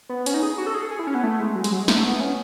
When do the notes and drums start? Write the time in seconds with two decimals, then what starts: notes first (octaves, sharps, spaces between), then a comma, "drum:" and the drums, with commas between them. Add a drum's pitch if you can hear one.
0.09 B3
0.26 C#4, drum: hi-hat
0.34 D#4
0.43 G#4
0.58 F#4
0.66 A4
0.74 G#4
0.82 A4
0.91 G#4
0.99 E4
1.07 C#4
1.15 B3
1.23 A3
1.40 G#3
1.55 F#3
1.64 G#3, drum: hi-hat
1.72 F#3
1.79 G#3
1.88 A3, drum: snare
2.04 B3
2.20 C#4